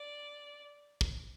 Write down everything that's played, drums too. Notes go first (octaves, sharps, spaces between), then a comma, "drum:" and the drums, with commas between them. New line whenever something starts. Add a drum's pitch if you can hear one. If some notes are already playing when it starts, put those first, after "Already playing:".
Already playing: D5
drum: kick